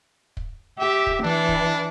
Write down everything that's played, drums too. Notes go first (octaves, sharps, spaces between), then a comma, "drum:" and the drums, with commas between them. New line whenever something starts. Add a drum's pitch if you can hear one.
drum: kick
G4 E5
drum: kick
E3 D4
drum: kick